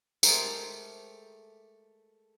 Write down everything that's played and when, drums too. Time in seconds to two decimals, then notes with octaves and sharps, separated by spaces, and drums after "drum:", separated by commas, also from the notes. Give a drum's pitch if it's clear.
0.23 G#3 A3 G4 A#4 C5, drum: tambourine